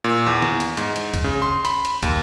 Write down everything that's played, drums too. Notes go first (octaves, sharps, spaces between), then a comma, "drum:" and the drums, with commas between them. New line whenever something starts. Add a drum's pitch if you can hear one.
A#2
E2
drum: snare
drum: hi-hat
G#2, drum: hi-hat
drum: hi-hat
drum: kick, hi-hat
C#3
C6
B5, drum: hi-hat
drum: hi-hat
D#2, drum: kick, hi-hat